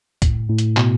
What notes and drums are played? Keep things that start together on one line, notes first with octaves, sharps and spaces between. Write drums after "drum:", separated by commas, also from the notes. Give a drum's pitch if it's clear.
A2, drum: kick, hi-hat
A2
drum: hi-hat
B2, drum: clap